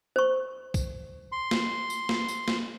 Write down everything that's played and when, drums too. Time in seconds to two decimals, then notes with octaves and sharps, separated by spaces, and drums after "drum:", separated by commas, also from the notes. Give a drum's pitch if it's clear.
0.16 C5 C#6
0.74 drum: kick, tambourine
1.32 C6
1.51 drum: snare
1.90 drum: tambourine
2.09 drum: snare
2.28 drum: tambourine
2.48 drum: snare